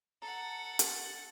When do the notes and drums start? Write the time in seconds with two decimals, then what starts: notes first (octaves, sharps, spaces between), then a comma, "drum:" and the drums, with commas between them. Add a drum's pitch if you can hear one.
0.22 A4 F#5 A#5
0.79 G4, drum: hi-hat